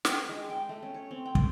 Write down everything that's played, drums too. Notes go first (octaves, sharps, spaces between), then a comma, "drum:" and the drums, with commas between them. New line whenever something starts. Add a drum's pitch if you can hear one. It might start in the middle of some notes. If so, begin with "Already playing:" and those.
G5, drum: snare
G#3
G5
A3
C#4
C#5
C4
G5
drum: kick